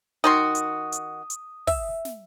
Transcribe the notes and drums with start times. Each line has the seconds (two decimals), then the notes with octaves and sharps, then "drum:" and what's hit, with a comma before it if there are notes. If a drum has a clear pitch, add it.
0.24 D#3 F#4 C6 D#6
0.55 drum: hi-hat
0.92 drum: hi-hat
1.30 drum: hi-hat
1.67 E5, drum: kick, open hi-hat
2.05 drum: snare